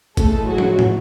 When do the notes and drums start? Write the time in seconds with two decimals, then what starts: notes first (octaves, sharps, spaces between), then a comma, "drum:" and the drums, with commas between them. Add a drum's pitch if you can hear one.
0.17 A2 E3 G#3 A3 A4, drum: kick, hi-hat
0.48 F#3 F#4
0.58 drum: tom
0.79 drum: tom